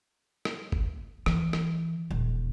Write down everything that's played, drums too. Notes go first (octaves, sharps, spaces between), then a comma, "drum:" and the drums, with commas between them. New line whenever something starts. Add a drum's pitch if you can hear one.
drum: rim click
drum: kick G1
E3, drum: rim click
drum: rim click
D#1